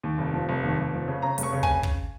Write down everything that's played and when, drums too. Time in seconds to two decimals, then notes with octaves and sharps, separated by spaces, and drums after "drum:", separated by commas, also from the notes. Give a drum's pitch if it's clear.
0.03 D#2
0.18 F1
0.34 F3
0.49 F1
0.63 D#2
0.78 F1
0.93 F3
1.08 C#3
1.22 C#3 A#5
1.38 F1, drum: hi-hat
1.43 C#6
1.53 C#3
1.63 G#5, drum: kick
1.83 drum: kick